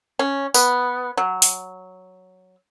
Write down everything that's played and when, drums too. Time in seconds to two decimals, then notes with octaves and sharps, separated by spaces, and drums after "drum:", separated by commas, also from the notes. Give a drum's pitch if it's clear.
0.19 C#4
0.54 B3, drum: tambourine
1.17 F#3
1.42 drum: open hi-hat